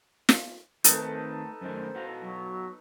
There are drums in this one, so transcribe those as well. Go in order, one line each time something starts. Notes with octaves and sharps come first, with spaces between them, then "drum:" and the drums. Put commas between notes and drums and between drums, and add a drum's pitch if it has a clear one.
drum: snare
D#3 A3 C4 D#4 A4 B4, drum: hi-hat
F#2 D#3 A3 C5
B3 F#4 F5
F#3